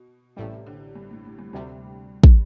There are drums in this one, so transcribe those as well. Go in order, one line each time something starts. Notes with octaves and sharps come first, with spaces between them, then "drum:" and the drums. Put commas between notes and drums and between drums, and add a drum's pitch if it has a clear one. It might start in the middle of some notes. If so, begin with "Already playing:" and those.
Already playing: B2
A1 A2 C3 G3
D3
G2
A2
A2
G2
D2 G2 C3 G3
drum: kick